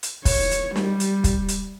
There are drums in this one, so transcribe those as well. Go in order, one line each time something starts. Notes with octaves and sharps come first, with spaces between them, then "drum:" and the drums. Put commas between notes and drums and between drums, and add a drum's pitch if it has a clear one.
drum: hi-hat
C#5, drum: kick, open hi-hat
drum: hi-hat
G3, drum: snare
drum: hi-hat
drum: kick, hi-hat
drum: hi-hat